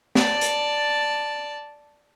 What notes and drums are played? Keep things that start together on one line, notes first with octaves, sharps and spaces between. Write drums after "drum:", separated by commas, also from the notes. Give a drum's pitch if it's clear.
D5 A5, drum: snare
drum: hi-hat